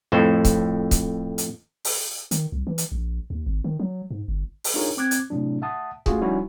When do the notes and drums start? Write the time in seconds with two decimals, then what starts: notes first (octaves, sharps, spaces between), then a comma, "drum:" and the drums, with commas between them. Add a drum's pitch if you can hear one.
0.12 F2 A2 C5
0.45 drum: kick C#1, hi-hat
0.91 drum: kick C#1, hi-hat
1.38 drum: hi-hat
1.85 drum: open hi-hat
2.31 D#3, drum: hi-hat
2.52 C2
2.67 E3
2.78 drum: hi-hat
2.92 A#1
3.30 D#2
3.46 G#1
3.64 D#3
3.80 F#3
4.11 G#2
4.28 G1
4.64 drum: open hi-hat
4.74 D4 D#4 F4 G#4 A#4 C#5
4.97 C4 D6 F#6 G#6
5.11 drum: hi-hat
5.30 A2 C3 F#3 D4
5.62 E5 F#5 A5 D#6
6.06 A3 C#4 F4 F#4 G#4, drum: kick C#1
6.21 F3 G3 C#4 D#4 E4 F#4